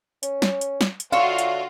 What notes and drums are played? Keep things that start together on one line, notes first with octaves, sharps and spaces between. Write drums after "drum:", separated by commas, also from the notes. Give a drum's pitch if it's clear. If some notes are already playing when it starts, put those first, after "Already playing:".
C#4, drum: hi-hat
drum: snare
drum: hi-hat
drum: snare
drum: hi-hat
D3 F4 F#4 C#5 E5 F5 C6
drum: hi-hat